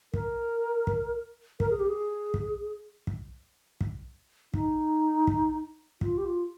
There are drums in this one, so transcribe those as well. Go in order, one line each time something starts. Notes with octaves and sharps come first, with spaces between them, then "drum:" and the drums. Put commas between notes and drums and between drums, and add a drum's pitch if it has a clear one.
A#4, drum: kick
drum: kick
A#4, drum: kick
G#4
G4
G#4
drum: kick
drum: kick
drum: kick
D#4, drum: kick
drum: kick
F4, drum: kick
G4
F4